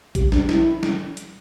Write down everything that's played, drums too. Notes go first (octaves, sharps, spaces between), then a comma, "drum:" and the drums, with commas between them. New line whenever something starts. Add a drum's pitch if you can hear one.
G4, drum: kick, hi-hat
D4, drum: snare
E4, drum: snare
drum: snare
drum: hi-hat